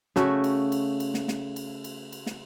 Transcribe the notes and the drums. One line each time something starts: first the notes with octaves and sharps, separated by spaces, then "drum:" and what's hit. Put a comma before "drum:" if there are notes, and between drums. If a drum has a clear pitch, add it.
C#3 A3 F#4, drum: snare
drum: cymbal
drum: cymbal
drum: cymbal
drum: snare
drum: snare
drum: cymbal
drum: cymbal
drum: cymbal
drum: snare